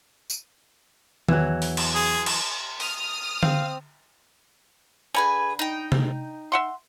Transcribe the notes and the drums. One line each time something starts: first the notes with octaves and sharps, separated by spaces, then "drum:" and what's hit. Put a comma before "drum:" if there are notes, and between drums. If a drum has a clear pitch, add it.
drum: tambourine
E2 E3 F#3 F#6, drum: tom D#3
drum: open hi-hat
drum: cymbal
G#4
drum: cymbal
D#6 F6, drum: open hi-hat
C4 F5, drum: tom D3
D3 G#4 B4 G#5
D#4 G5
drum: tom C3
E5 F#5 C6